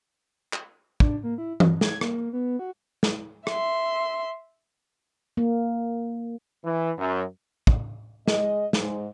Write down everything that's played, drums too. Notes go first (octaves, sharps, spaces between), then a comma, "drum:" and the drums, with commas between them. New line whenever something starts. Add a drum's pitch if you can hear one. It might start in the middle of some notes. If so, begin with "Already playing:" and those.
drum: clap
D4, drum: kick
A#3
E4
G2, drum: tom E3
G#6, drum: snare
A#3, drum: rim click
B3
F#4
drum: snare
E5 C6, drum: rim click
A#3
E3
F#2
drum: kick
G#3 D#5, drum: snare
G#2 G#3, drum: snare